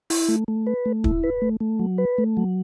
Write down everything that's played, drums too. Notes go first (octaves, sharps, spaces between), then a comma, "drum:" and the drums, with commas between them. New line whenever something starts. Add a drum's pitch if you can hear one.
E4, drum: open hi-hat
A3
A3
B4
A3
E4, drum: kick
B4
A3
A3
F#3
B4
A3
F#3